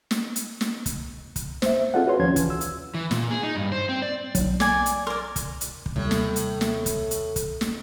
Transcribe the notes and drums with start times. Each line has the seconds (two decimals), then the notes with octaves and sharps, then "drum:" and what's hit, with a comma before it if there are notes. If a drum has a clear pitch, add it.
0.11 drum: snare
0.36 drum: hi-hat
0.61 drum: snare
0.86 drum: kick, hi-hat
1.36 drum: kick, hi-hat
1.62 C5 E5, drum: snare
1.94 C4 F4 G#4 A4 D5 F#5
2.07 F#4 B4 C#5 C6
2.20 D#2 F3 C#4 C6 G#6
2.36 E3, drum: kick, hi-hat
2.50 E6
2.61 drum: hi-hat
2.94 E3
3.11 A#2, drum: snare
3.31 G#4
3.43 D#4
3.56 G2
3.72 C5
3.89 C4
4.02 D5
4.35 B1 F#3, drum: kick, hi-hat
4.60 D5 G#5, drum: snare
4.86 drum: hi-hat
5.07 A#4 D5 C6 F6
5.36 drum: kick, hi-hat
5.61 drum: hi-hat
5.86 drum: kick
5.96 D#2 A2 C3 G3
6.11 drum: snare
6.36 drum: hi-hat
6.61 drum: snare
6.86 drum: kick, hi-hat
7.11 drum: hi-hat
7.36 drum: kick, hi-hat
7.61 drum: snare